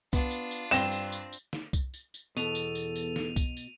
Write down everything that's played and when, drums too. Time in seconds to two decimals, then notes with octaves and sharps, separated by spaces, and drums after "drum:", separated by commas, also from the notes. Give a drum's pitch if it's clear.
0.13 B3 D4 F4, drum: kick C2, tambourine
0.31 drum: tambourine
0.51 drum: tambourine
0.71 G2 C4 A#6 E7 G7, drum: tambourine
0.92 drum: tambourine
1.12 drum: tambourine
1.32 drum: tambourine
1.53 drum: snare
1.73 drum: kick C2, tambourine
1.94 drum: tambourine
2.14 drum: tambourine
2.37 E2 B2 A4 D#7 F7, drum: tambourine
2.55 drum: tambourine
2.75 drum: tambourine
2.96 drum: tambourine
3.16 drum: snare
3.36 drum: kick C2, tambourine
3.57 drum: tambourine